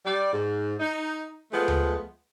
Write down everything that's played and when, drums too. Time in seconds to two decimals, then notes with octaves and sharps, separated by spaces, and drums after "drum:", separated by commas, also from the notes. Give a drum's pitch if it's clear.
0.05 G3 D5
0.32 G#2
0.80 D#4
1.52 F3 G#3 A3 B3
1.68 drum: tom D2